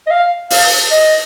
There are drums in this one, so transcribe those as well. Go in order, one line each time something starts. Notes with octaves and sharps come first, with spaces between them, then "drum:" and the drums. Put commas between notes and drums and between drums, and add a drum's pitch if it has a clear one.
D#5
F5
F5, drum: open hi-hat
D#5